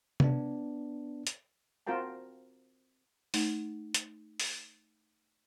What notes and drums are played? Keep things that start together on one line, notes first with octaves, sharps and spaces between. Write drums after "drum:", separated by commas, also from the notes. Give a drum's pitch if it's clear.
B3 D4, drum: tom C3
drum: hi-hat
C4 F4 F#4 A#4 G5 A5
A3 D#4, drum: open hi-hat
drum: hi-hat
drum: open hi-hat